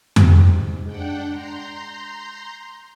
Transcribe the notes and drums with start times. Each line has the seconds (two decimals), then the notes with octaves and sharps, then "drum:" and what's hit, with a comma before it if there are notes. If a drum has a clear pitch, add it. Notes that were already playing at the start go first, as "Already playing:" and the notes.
0.16 G#2 G4, drum: tom F2
0.86 G#3 D4 F#5 G5
1.31 A#5 C6 G6